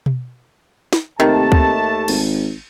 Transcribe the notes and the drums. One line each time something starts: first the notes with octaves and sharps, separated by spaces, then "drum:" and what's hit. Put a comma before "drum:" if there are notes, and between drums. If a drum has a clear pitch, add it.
drum: tom B2
drum: snare
D#2 C3 D#3 A3 A5
drum: kick C#2
G#1, drum: cymbal